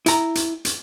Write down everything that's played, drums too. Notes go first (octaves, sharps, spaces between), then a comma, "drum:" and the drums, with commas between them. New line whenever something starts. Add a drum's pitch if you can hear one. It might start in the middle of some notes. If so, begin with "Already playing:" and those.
E4 A#5, drum: hi-hat
drum: hi-hat
drum: hi-hat